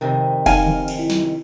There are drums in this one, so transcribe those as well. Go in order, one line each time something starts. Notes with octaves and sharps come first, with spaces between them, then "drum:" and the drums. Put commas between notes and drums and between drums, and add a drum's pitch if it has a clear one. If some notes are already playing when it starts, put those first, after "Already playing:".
F2 C3 D#3
D#4 F5 G#5 F6, drum: kick F1, cymbal
drum: tom C#3
drum: cymbal
E4
drum: snare